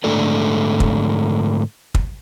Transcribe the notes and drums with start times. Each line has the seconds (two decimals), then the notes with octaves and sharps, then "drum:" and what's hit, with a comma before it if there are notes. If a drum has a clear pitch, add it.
0.04 G#2 D3 A3 A4 D5
0.80 drum: kick
1.95 drum: kick